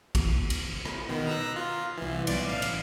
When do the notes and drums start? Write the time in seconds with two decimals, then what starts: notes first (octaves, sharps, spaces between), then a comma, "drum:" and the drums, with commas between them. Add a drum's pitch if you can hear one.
0.15 drum: kick, cymbal
0.50 drum: cymbal
0.85 drum: rim click
1.09 B2 D#3
1.27 A#5 E6 F#6
1.56 F4
1.98 C2 E3
2.27 B1 D5, drum: cymbal
2.47 A1 F5
2.62 drum: cymbal